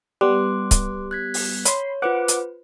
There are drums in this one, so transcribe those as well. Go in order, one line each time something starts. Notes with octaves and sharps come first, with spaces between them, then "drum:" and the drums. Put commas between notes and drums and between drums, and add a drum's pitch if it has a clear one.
G3 B3 C6 D6 F#6
drum: kick C#1, hi-hat
F#6 G#6 B6
drum: open hi-hat
C#5 B5 C6, drum: hi-hat
F4 B4 C5 F#5 D6
drum: hi-hat